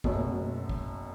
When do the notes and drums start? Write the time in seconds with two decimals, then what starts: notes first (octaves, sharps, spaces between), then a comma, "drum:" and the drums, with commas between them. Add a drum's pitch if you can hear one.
0.04 F#1 F#2 B2 F#3 A3, drum: kick
0.19 C3
0.33 B2
0.69 drum: kick